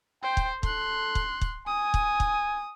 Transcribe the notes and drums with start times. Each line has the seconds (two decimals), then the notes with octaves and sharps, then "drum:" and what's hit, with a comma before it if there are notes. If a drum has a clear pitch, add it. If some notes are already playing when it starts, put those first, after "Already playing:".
0.23 C5 G5
0.37 drum: kick
0.63 A4 C6 F#6, drum: kick
1.15 drum: kick
1.41 drum: kick
1.67 G#5 D#6
1.94 drum: kick
2.20 drum: kick